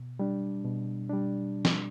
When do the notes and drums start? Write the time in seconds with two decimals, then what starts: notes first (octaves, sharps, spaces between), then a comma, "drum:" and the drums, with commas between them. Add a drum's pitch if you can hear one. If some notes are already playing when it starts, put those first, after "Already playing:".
Already playing: B2
0.19 G3 D4
0.64 B2
1.09 G3 D4
1.65 drum: snare